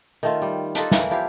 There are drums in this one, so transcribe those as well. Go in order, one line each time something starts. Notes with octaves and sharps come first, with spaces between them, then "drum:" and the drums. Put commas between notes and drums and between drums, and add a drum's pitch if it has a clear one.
D#3 A3 F4
G3
D4 D#4 F4 A4, drum: hi-hat
E3 A#3, drum: snare
F3 E4 G4 F5